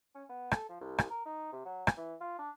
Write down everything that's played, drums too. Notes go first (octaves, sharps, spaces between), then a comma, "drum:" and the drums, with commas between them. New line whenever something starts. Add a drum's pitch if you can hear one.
C#4
B3
A4, drum: rim click
F3
C2
drum: rim click
A#4
D#4
C3
F#3
drum: rim click
E3
F4
D4